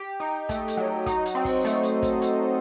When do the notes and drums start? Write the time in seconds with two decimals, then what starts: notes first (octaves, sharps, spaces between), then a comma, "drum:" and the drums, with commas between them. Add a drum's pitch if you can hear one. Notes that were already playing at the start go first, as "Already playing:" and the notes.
Already playing: G4
0.20 D#4
0.49 A3, drum: kick, hi-hat
0.68 drum: hi-hat
0.77 F#3
1.06 D#4, drum: kick, hi-hat
1.26 drum: hi-hat
1.35 C4
1.45 drum: kick, open hi-hat
1.65 A3, drum: hi-hat
1.83 drum: hi-hat
2.02 drum: kick, hi-hat
2.22 drum: hi-hat